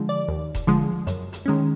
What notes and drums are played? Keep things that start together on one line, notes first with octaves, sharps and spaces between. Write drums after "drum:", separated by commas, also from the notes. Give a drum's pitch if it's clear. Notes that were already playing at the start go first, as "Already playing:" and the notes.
Already playing: D3 F3 G#3
D5
D#2
drum: kick E1, hi-hat
D3 F3 G#3
F#2, drum: hi-hat
drum: hi-hat
D#3 G#3 C#4